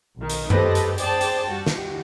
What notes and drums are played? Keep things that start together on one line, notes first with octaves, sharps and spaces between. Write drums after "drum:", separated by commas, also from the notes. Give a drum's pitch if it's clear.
B1 D#3
drum: hi-hat
G4 A4 B4 C5 D#5, drum: tom F#2
drum: hi-hat
G#4 C5 D5 G5 A5, drum: hi-hat
drum: hi-hat
G3 F#4 G4
drum: snare